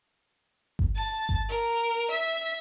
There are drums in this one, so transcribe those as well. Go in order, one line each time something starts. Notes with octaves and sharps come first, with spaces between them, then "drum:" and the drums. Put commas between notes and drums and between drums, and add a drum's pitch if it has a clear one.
drum: kick G1
A5
drum: kick G1
A#4
E5 B6